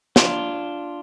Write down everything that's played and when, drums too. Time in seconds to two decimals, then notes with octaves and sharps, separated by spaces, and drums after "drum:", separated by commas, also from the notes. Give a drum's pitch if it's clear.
0.16 D4 F4, drum: snare